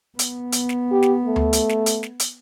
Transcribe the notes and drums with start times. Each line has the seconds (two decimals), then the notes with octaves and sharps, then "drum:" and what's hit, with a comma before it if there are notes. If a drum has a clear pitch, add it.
0.19 B3, drum: hi-hat
0.52 drum: hi-hat
0.69 drum: snare
0.91 G4
1.02 drum: snare
1.25 A3
1.36 drum: tom D2
1.53 drum: hi-hat
1.69 drum: snare
1.86 drum: hi-hat
2.03 drum: snare
2.20 drum: hi-hat